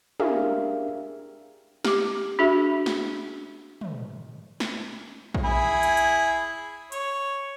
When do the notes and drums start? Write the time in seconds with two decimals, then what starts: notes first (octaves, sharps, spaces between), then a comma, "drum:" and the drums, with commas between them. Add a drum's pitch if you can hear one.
0.20 D4 G4 G#4 A#4 E5 F5, drum: tom
1.85 G4 D6, drum: snare
2.39 D4 F#4 G#4 E5
2.86 drum: snare
3.81 drum: tom
4.60 drum: snare
5.34 drum: kick A#1
5.44 E4 G#4 B5
5.83 drum: hi-hat
5.97 drum: hi-hat
6.92 C#5, drum: hi-hat